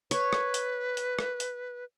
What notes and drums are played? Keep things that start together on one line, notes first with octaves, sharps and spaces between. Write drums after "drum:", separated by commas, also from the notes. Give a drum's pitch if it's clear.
B4 C#5, drum: hi-hat
drum: rim click
drum: hi-hat
drum: hi-hat
drum: rim click
drum: hi-hat